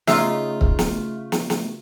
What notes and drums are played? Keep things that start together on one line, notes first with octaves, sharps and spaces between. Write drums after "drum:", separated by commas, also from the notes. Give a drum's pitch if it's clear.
C#3 A3 D#4 F4 E5 E6 C7, drum: snare
drum: kick C#1
drum: snare
drum: snare
drum: snare